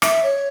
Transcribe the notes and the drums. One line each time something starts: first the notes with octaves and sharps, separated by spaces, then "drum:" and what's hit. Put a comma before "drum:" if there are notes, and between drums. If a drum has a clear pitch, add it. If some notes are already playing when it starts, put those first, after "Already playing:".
E5, drum: rim click
C#5